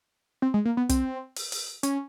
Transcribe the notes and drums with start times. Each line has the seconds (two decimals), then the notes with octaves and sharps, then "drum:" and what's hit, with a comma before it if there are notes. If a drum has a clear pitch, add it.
0.42 C4
0.54 G#3
0.65 A#3
0.77 B3
0.89 C4, drum: kick, hi-hat
1.36 drum: open hi-hat
1.52 drum: open hi-hat
1.83 C#4, drum: hi-hat